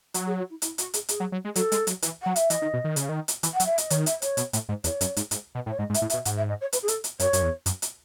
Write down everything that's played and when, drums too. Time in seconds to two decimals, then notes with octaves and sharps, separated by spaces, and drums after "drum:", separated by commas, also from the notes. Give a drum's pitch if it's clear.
0.14 F#3, drum: hi-hat
0.26 G#4
0.39 F#4
0.50 E4
0.62 E4, drum: hi-hat
0.78 F#4, drum: hi-hat
0.94 G#4, drum: hi-hat
1.09 G#4, drum: hi-hat
1.20 F#3
1.32 F#3
1.45 G#3
1.56 F#3 A4, drum: hi-hat
1.72 G#3, drum: hi-hat
1.87 F#3, drum: hi-hat
2.02 E3, drum: hi-hat
2.22 F#3 F#5
2.36 E5, drum: hi-hat
2.50 E3 D#5, drum: hi-hat
2.62 D#3
2.73 B2
2.84 D#3
2.96 C#3, drum: hi-hat
3.09 D#3
3.28 drum: hi-hat
3.43 E3, drum: hi-hat
3.54 F#5
3.60 F#3, drum: hi-hat
3.65 E5
3.78 D#5, drum: hi-hat
3.90 D#3 C#5, drum: hi-hat
4.06 E5, drum: hi-hat
4.22 C#5, drum: hi-hat
4.37 B2, drum: hi-hat
4.53 A2, drum: hi-hat
4.69 G#2
4.84 E2 C#5, drum: hi-hat
5.01 F#2, drum: hi-hat
5.17 G#2, drum: hi-hat
5.31 G#2, drum: hi-hat
5.55 B2
5.66 A2
5.71 C#5
5.78 G#2 D#5
5.90 G#2
5.94 E5, drum: hi-hat
6.02 A2
6.10 E5, drum: hi-hat
6.14 B2
6.25 G#2 F#5, drum: hi-hat
6.37 E5
6.49 D#5
6.61 C#5
6.73 B4, drum: hi-hat
6.83 G#4
6.88 A4, drum: hi-hat
7.04 drum: hi-hat
7.20 F#2 C#5, drum: hi-hat
7.33 F#2, drum: hi-hat
7.42 E2
7.66 F#2, drum: hi-hat
7.82 drum: hi-hat